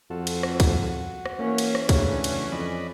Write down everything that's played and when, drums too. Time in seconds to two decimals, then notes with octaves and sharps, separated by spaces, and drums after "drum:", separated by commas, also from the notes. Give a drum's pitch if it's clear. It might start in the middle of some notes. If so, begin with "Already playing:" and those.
0.10 F2 F4 F#4 A4
0.27 drum: cymbal
0.43 drum: rim click
0.60 drum: kick, cymbal
0.89 F#4
1.26 drum: rim click
1.39 E3 A#3 C#4
1.58 drum: cymbal
1.75 drum: rim click
1.89 C#3 F#3 A3 D4, drum: kick, cymbal
2.24 drum: cymbal
2.52 F2 D5 D#5 B5